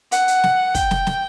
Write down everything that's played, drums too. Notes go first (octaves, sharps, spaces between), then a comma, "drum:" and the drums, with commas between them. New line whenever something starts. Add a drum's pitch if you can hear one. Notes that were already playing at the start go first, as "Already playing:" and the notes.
F#5, drum: hi-hat
drum: hi-hat
drum: snare
G5, drum: kick, hi-hat
drum: snare
drum: snare